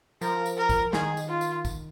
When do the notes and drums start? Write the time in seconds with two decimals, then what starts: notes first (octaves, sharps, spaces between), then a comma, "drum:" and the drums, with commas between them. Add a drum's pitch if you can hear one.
0.21 F3 A#4, drum: tambourine
0.46 drum: tambourine
0.57 A#4
0.69 drum: kick, tambourine
0.93 D#3 G#4, drum: snare
1.17 drum: tambourine
1.28 F4
1.41 drum: tambourine
1.65 drum: kick, tambourine